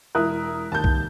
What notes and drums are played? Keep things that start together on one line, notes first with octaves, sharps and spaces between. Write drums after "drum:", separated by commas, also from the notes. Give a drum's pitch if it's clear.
E1 E4 A#4 D#6 F#6
D#2 A5 G6
drum: kick